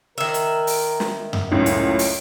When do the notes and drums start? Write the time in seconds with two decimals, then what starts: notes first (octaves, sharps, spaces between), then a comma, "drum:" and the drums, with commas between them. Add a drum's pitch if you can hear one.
0.18 D#3 A#4 E5
0.34 drum: hi-hat
0.67 drum: open hi-hat
1.00 drum: snare
1.33 drum: tom F#2
1.51 C#2 F#2 A2 C#4
1.66 drum: hi-hat
1.99 drum: open hi-hat